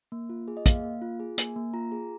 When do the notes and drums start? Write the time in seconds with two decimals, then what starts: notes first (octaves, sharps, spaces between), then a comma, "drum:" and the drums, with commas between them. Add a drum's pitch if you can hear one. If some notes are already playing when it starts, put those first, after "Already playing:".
0.12 A#3
0.30 F4
0.48 G#4
0.57 D#5
0.66 A#3 F5, drum: kick, hi-hat
0.83 A#3
1.02 F4
1.20 G#4
1.38 A#3 G#5, drum: hi-hat
1.56 A#3
1.74 F4 A#5
1.92 G#4